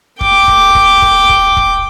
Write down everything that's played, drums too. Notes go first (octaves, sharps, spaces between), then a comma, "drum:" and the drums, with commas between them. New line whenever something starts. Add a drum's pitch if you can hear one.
G5 D6, drum: kick
drum: kick
drum: kick
drum: kick
drum: kick
drum: kick